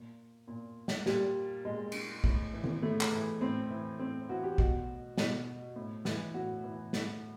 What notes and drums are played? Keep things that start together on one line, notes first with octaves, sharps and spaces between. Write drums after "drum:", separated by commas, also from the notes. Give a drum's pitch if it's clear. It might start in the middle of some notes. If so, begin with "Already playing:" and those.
Already playing: A#2
A#2
drum: snare
A#2 G3, drum: snare
A#2 G#3
drum: cymbal
A2, drum: kick
E3
drum: tom D#3
A2 A3
drum: clap
E3
A2 C4
E3
A2 C4
E3 F#4
G4
B2 F#4, drum: kick
B2, drum: snare
A2
E3, drum: snare
A2 F#4
E3
A2, drum: snare